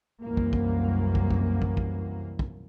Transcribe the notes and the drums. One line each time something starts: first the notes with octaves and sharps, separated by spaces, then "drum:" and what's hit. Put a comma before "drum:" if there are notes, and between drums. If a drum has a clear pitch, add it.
C2 F#2 E3 A#3
drum: kick
drum: kick
drum: kick
drum: kick
drum: kick
drum: kick
drum: kick